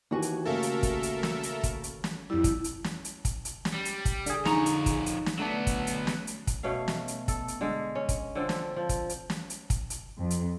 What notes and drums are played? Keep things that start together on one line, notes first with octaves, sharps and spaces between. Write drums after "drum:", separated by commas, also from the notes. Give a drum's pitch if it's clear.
D#2 D#3 E3 F#4 G#5
drum: hi-hat
C#3 A3 A#3 A4 A#4 E5
drum: hi-hat
drum: kick, hi-hat
drum: hi-hat
drum: snare
drum: hi-hat
drum: kick, hi-hat
drum: hi-hat
drum: snare
F2 G3 E4
drum: kick, hi-hat
drum: hi-hat
drum: snare
drum: hi-hat
drum: kick, hi-hat
drum: hi-hat
drum: snare
G3
drum: hi-hat
drum: kick, hi-hat
D3 G#4, drum: hi-hat
F2 D#4 C#5 A#5, drum: snare
drum: hi-hat
drum: kick, hi-hat
drum: hi-hat
drum: snare
D3 F#3 A3 B3 D4
drum: kick, hi-hat
drum: hi-hat
drum: snare
drum: hi-hat
drum: kick, hi-hat
B2 A3 C#4 F5
drum: snare
drum: hi-hat
A4, drum: kick, hi-hat
drum: hi-hat
D3 G#3
C#4
drum: kick, hi-hat
D3 F3 C4 A4
drum: snare
F3
drum: kick, hi-hat
drum: hi-hat
drum: snare
drum: hi-hat
drum: kick, hi-hat
drum: hi-hat
F2
drum: hi-hat